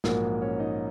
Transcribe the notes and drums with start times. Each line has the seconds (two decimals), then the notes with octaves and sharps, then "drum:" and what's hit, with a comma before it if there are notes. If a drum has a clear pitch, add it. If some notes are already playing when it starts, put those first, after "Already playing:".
0.04 A#1 G#2 F#3 A#3 A#4, drum: snare
0.41 C#4 C#5
0.59 D#4 D#5